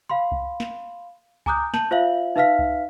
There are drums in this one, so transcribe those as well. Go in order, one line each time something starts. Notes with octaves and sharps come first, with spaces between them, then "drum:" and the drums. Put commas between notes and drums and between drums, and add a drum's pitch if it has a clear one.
F5 B5 C6
drum: kick C2
drum: snare
G#5 A#5 D6 D#6 F#6 G6, drum: kick C2
A5 G6 F#7, drum: snare
F4 C5 E5 F5 F#7
D#4 B4 E5 F5 F6 B6
drum: kick C2